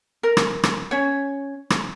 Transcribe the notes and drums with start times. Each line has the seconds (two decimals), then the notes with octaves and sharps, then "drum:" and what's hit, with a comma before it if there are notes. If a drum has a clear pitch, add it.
0.23 A#4
0.37 drum: rim click
0.63 drum: rim click
0.91 C#4 C#5
1.70 drum: rim click